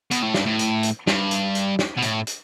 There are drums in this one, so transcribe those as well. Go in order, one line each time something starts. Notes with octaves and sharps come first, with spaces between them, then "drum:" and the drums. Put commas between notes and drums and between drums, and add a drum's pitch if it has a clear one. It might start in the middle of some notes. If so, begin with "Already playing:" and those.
B2, drum: hi-hat
A2
G2, drum: snare
A2
drum: hi-hat
drum: hi-hat
G2, drum: snare
drum: hi-hat
drum: hi-hat
drum: snare
B2
A2, drum: hi-hat
drum: hi-hat